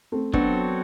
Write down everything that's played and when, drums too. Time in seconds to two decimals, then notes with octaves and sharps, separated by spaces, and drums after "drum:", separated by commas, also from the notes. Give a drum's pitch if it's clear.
0.12 A3 C4
0.33 F#3 B3 C4 D4 F#4 A4, drum: kick